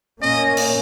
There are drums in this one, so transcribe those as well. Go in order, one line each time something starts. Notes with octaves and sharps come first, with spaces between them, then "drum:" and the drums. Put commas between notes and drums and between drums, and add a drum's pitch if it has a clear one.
A#2 A#3 C#4 D#5
drum: cymbal